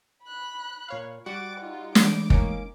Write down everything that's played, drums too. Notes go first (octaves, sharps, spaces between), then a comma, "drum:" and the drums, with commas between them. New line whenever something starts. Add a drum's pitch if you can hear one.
B5 F#6
A#2 C#5 F5
G3 F#4 F#5 D6 A6
D#4 F4
E3 G#3 A3 D6, drum: snare
A#3 C#4 D#4, drum: kick